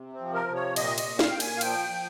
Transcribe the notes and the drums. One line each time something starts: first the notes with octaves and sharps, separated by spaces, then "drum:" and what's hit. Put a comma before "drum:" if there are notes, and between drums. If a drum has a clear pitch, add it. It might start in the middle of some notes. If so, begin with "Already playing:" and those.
Already playing: C3
C4
F3
A#4
C3
C#5
A#2 D#5, drum: cymbal
D#5, drum: cymbal
A#2
F5, drum: snare
A#2 G5
G#5, drum: cymbal
F5
F3 G5, drum: cymbal
F3